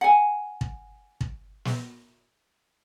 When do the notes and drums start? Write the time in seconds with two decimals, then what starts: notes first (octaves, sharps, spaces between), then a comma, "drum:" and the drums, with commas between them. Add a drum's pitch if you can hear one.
0.01 F#5 G#5
0.61 drum: kick
1.21 drum: kick
1.65 drum: snare